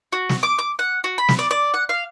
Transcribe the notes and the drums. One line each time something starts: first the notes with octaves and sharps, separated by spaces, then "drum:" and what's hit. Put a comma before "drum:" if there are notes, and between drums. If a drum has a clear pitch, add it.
F#4
drum: snare
D6
D6
F#5
F#4
B5
drum: snare
D5
D5
F#5
F5